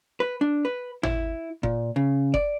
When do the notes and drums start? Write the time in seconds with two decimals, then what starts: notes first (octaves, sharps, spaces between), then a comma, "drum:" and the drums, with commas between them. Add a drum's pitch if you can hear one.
0.20 B4
0.41 D4
0.65 B4
1.03 E4, drum: tom
1.63 A#2, drum: kick F#1
1.96 C#3
2.34 D5, drum: kick F#1